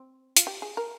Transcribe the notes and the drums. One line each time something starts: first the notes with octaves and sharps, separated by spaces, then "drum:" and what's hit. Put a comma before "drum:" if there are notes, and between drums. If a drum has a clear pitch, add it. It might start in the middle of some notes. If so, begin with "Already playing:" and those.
Already playing: C4
F4, drum: hi-hat
G4
G#4
A#4